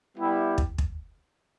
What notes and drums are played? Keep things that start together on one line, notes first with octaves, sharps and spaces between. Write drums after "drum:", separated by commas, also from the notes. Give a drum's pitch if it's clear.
G3 B3 E4 G4
drum: kick
drum: kick